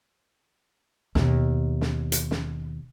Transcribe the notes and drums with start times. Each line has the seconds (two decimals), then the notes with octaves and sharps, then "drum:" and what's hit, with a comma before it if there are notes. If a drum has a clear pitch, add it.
1.15 D#2 B2, drum: snare
1.81 drum: snare
2.12 drum: hi-hat
2.31 drum: snare